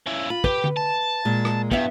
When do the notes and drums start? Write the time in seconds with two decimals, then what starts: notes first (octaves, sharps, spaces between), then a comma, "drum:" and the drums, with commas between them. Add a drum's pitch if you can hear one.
0.06 C#3 E4
0.30 F4 B5
0.44 G4 B4, drum: kick
0.64 drum: tom D3
0.77 A5
1.25 A#2 G#3
1.45 drum: rim click
1.71 G2 B3 E4 E5, drum: kick